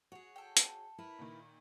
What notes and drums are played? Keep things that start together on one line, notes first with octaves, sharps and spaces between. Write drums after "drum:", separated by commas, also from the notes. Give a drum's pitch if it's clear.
F#4 G#4 C#5
A4 G5
drum: hi-hat
E4 A#4 B4
A#2 D#3